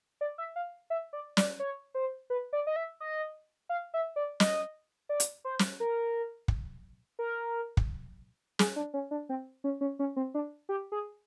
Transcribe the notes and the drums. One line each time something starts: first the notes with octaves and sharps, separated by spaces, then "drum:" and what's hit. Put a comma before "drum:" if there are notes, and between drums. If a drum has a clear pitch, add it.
D5
E5
F5
E5
D5
D5, drum: snare
C#5
C5
B4
D5
D#5
E5
D#5
F5
E5
D5
D#5, drum: snare
D5
drum: hi-hat
C5
drum: snare
A#4
drum: kick
A#4
drum: kick
G#4, drum: snare
D4
C#4
D4
C4
C#4
C#4
C#4
C4
D4
G4
G#4